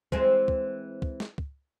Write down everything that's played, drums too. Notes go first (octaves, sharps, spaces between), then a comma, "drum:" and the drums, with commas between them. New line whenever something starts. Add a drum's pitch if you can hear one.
E3 G#3 C4, drum: kick
drum: kick
drum: kick
drum: snare
drum: kick